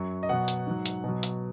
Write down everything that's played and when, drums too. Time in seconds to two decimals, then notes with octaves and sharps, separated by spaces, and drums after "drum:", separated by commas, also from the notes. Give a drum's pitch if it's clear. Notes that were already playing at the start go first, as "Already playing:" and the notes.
Already playing: F#2 F#3 C#6
0.23 D#5
0.29 B2 F#3 F#5
0.48 drum: hi-hat
0.67 G#2 F#3
0.86 drum: hi-hat
1.04 B2 F#3
1.23 drum: hi-hat